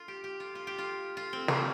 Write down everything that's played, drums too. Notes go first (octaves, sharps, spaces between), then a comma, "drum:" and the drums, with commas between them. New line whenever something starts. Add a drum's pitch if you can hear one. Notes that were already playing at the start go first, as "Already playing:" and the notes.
Already playing: F4
G4
G4
F4
F4
G4
F4
F4
C4
F4, drum: snare